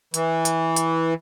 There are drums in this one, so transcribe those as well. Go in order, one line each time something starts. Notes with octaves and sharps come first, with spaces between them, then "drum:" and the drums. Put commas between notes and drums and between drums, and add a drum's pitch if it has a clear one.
E3, drum: hi-hat
drum: hi-hat
drum: hi-hat